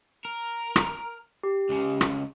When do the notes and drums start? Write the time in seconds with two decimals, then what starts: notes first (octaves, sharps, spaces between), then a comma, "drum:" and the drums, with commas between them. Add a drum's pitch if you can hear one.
0.25 A#4
0.76 drum: rim click
1.43 G4
1.69 C#2 C#3
2.01 drum: rim click